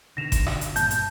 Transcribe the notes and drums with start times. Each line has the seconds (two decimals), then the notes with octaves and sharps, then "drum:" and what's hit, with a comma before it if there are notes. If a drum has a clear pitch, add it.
0.17 B2 D3 D#3 A#6 E7 F7
0.32 drum: kick G1, hi-hat
0.47 drum: rim click
0.61 drum: hi-hat
0.76 G2 A#2 A#3 A5 G6, drum: hi-hat
0.90 drum: hi-hat